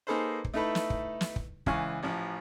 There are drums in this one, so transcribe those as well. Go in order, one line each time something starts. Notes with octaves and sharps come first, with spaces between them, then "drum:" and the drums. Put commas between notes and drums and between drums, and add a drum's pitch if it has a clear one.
A#3 D#4 G#4 A4 B4 C5
drum: kick
A3 D#4 E4 A4 B4
drum: snare
drum: kick
drum: snare
drum: kick
C#2 E3 F5 G#5 C#6, drum: kick
A1 E3 F3